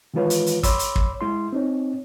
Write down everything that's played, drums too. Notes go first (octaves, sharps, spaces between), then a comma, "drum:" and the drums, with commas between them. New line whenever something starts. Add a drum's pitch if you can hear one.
D#3 E3 G#3 F4 B4 C#5
drum: hi-hat
drum: hi-hat
C#5 B5 C6 D6 E6, drum: kick, hi-hat
drum: hi-hat
drum: kick
G#3 E4 C6
C4 D#4 C#5